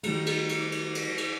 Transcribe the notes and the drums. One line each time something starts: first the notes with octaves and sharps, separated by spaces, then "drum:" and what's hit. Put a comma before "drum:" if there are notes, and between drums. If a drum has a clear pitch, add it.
D#3 G3 A3 D#4, drum: cymbal
drum: cymbal
drum: cymbal
drum: cymbal
drum: cymbal
drum: cymbal